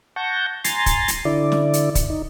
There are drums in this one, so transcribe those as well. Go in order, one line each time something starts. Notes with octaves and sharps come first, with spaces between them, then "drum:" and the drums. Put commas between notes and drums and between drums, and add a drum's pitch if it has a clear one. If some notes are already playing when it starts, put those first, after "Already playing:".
F#5 A5 C#6 G6 A#6
G#5 A#5 C6 A6, drum: hi-hat
drum: kick, hi-hat
drum: hi-hat
D3 E4 D5
drum: snare
drum: hi-hat
drum: kick, hi-hat
D#4